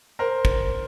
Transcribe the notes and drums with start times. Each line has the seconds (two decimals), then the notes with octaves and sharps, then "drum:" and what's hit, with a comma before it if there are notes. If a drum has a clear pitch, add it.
0.19 A#4 C5
0.45 drum: kick